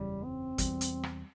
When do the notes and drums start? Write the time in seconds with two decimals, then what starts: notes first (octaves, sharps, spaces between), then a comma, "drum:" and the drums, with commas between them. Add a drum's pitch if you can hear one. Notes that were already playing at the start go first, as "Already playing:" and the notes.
Already playing: F#1 E2 C#3 G3
0.24 C4
0.58 E2 B2 G3, drum: kick, hi-hat
0.81 drum: hi-hat
1.03 drum: rim click